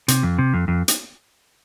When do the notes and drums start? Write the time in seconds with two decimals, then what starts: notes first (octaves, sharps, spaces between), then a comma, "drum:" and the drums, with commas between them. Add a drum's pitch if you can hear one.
0.08 C3, drum: hi-hat
0.23 F2
0.39 C3
0.54 F2
0.68 F2
0.88 drum: hi-hat